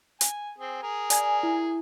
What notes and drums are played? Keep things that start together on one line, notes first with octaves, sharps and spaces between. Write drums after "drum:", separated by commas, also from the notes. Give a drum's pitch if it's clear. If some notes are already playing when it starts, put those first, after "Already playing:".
G#5, drum: hi-hat
C4 G#4
G#4 A#4
D5 G#5 G#6, drum: hi-hat
E4